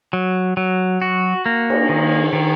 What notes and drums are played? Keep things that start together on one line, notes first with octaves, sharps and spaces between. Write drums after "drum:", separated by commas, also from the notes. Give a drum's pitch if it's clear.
F#3
F#3
F#4
A#3
drum: cymbal
D#3
D#3